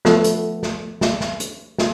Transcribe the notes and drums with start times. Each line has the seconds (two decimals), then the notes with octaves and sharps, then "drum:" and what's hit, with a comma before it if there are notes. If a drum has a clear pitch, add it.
0.05 F3 A3 B3, drum: snare
0.24 drum: hi-hat
0.63 drum: snare
1.01 drum: snare
1.21 drum: snare
1.40 drum: hi-hat
1.78 drum: snare